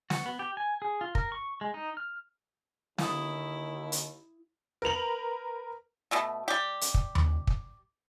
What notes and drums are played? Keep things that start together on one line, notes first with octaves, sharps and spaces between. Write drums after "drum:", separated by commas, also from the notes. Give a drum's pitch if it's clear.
F#4, drum: snare
B3
G4
G#5
G#4
F4
A#4, drum: kick
C#6
G#3
D#4
F6
D#2 D3 E4 F5 D#6, drum: snare
drum: hi-hat
A#4 B4 F7 F#7
B2 A3 B3
G3 G4
drum: hi-hat
drum: kick
drum: tom D#2
drum: kick